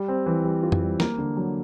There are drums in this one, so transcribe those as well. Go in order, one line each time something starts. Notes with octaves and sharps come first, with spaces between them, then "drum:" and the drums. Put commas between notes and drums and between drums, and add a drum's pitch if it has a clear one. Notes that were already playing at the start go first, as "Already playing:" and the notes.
Already playing: G3
C4
E3
G3
F4
drum: tom F2
G3
A#3, drum: snare
D3
F#3